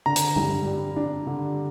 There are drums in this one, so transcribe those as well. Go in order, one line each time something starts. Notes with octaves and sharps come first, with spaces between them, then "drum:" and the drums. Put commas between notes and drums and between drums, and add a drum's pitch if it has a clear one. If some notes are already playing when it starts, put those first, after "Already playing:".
D3 A#5
drum: hi-hat
G2, drum: tom
G3
D4
D3